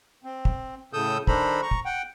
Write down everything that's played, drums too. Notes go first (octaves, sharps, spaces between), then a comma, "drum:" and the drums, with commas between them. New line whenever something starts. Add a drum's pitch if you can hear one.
C4
drum: kick
A2 C#3 A4 D#6 E6 G6
D#3 D4 A4 C5 A#5 B5, drum: kick
A#5 C#6
drum: kick
F#5 G5